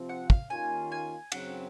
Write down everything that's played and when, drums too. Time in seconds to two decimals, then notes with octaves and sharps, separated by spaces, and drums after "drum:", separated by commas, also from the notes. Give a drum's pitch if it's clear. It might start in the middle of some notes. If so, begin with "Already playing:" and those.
Already playing: C3 F3 C4
0.09 F#5
0.30 F5, drum: kick
0.50 D#2 D#3 A#3 C#4 F4 G#5
0.92 G#5
1.32 F#2 C#3 F#3 C4 F#5, drum: cymbal